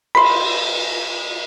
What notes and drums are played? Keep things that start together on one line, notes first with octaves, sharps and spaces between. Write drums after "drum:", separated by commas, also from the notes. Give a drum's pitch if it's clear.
B5 C6, drum: cymbal